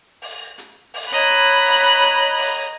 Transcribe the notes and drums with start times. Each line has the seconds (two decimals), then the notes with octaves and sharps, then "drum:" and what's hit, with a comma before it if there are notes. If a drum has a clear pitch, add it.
0.22 drum: open hi-hat
0.58 drum: hi-hat
0.94 drum: open hi-hat
1.12 C#5 D#5 A#5 B5 F#6
1.30 drum: hi-hat
1.66 drum: open hi-hat
2.02 drum: hi-hat
2.38 drum: open hi-hat